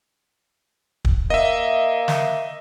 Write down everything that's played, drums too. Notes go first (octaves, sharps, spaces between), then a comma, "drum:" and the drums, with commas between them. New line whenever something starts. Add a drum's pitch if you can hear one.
drum: kick
A#3 D#5 E5
drum: snare